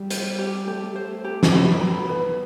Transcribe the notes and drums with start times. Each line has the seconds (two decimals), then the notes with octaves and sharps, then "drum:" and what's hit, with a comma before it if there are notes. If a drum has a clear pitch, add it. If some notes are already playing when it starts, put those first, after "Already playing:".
Already playing: G3
0.10 C5, drum: hi-hat
0.39 G4
0.67 A3 G4
0.96 C5
1.24 G4
1.43 C4, drum: snare
1.52 B3 B5
1.81 B5
2.09 B4